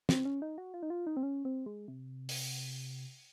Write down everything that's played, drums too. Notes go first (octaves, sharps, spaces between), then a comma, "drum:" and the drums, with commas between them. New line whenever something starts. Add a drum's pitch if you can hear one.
C4, drum: snare
C#4
D#4
F#4
F4
D#4
F4
D#4
C4
C#4
C4
G#3
C3
drum: open hi-hat